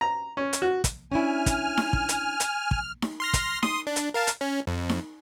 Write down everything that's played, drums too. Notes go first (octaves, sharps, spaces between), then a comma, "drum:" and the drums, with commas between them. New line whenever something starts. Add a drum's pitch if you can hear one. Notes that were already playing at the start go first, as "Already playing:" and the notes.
A#5
C#4
drum: hi-hat
F#4
drum: kick, hi-hat
C#4 D4 E4 G#5 F6
drum: kick, hi-hat
drum: snare D#4
drum: kick
drum: hi-hat
drum: hi-hat
drum: kick
drum: snare D#4
C6 F6 A#6
drum: kick, hi-hat
C6 D#6, drum: snare D#4
D4
drum: hi-hat
A#4 F5 A5
drum: hi-hat
C#4
F2
drum: snare D#4